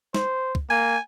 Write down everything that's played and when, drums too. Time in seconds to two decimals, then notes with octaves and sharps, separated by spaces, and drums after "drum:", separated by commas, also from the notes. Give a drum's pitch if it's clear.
0.14 C5, drum: snare
0.55 drum: kick
0.70 A#3 G#5